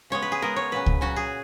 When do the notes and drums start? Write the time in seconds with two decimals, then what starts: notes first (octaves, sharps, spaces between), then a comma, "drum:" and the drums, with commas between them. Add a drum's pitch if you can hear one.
0.10 C#3 G#3 B3 C#5
0.22 B4
0.32 G#4
0.42 C#3 G#3 B3 A#4
0.56 C#5
0.71 A#2 F#3 C#4 B4
0.86 drum: kick C#2
1.01 A#2 F#3 C#4 F#4
1.16 G#4